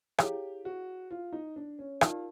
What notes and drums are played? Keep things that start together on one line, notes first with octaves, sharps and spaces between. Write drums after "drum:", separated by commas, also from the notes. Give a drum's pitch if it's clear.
E4 G4 G#4 C#5 F5, drum: rim click
F#4
F4
D#4
D4
C#4
D#4 F4 G4 A#4 D5, drum: rim click